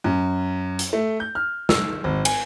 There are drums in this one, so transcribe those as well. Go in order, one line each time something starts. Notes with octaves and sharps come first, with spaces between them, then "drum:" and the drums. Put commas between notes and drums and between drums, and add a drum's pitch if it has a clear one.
F#2
drum: hi-hat
A3
G6
F6
E6, drum: snare
G#1
G#5, drum: cymbal